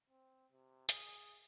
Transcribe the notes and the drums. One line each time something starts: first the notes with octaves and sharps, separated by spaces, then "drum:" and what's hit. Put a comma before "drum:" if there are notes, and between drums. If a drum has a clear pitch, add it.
C4
C3
G#4, drum: hi-hat